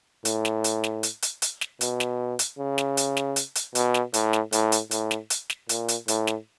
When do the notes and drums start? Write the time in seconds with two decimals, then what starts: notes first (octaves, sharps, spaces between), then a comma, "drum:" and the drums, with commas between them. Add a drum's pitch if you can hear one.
0.25 A2, drum: hi-hat
0.45 drum: snare
0.64 drum: hi-hat
0.84 drum: snare
1.03 drum: hi-hat
1.22 drum: hi-hat
1.42 drum: hi-hat
1.61 drum: snare
1.81 B2, drum: hi-hat
2.00 drum: snare
2.39 drum: hi-hat
2.58 C#3
2.78 drum: snare
2.97 drum: hi-hat
3.17 drum: snare
3.36 drum: hi-hat
3.55 drum: hi-hat
3.75 B2, drum: hi-hat
3.94 drum: snare
4.14 A2, drum: hi-hat
4.33 drum: snare
4.52 A2, drum: hi-hat
4.72 drum: hi-hat
4.91 A2, drum: hi-hat
5.11 drum: snare
5.30 drum: hi-hat
5.50 drum: snare
5.69 A#2, drum: hi-hat
5.88 drum: hi-hat
6.08 A2, drum: hi-hat
6.27 drum: snare